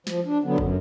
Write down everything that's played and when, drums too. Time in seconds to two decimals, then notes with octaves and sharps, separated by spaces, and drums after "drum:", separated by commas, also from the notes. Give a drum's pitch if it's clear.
0.07 F3, drum: snare
0.26 D4
0.44 D3 F#3 B3
0.58 F#2, drum: kick